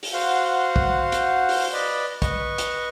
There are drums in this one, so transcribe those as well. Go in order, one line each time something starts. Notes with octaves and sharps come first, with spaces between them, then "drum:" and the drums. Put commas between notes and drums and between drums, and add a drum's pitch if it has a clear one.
drum: open hi-hat
F#4 C5 F5 F#5
drum: kick
drum: hi-hat
drum: open hi-hat
B4 D5 D#5 B5
B4 D#5 C#6, drum: kick, hi-hat
drum: hi-hat